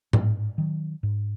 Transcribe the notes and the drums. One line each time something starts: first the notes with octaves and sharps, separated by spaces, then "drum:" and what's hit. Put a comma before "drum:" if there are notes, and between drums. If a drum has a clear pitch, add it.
G#2, drum: tom A2
D#3 F#3
G#2